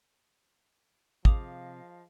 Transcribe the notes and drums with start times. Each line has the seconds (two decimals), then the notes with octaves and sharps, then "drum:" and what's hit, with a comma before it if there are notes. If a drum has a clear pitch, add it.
1.25 C3 F3 G#4 D#5 F5 D6 D#6, drum: kick